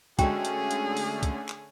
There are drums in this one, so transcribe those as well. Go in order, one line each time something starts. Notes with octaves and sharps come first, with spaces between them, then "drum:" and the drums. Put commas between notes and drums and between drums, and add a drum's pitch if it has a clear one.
D3 G#3 A3 C#4 F#4 G#4 G5, drum: kick, hi-hat
drum: hi-hat
drum: hi-hat
drum: open hi-hat
drum: kick, hi-hat
drum: clap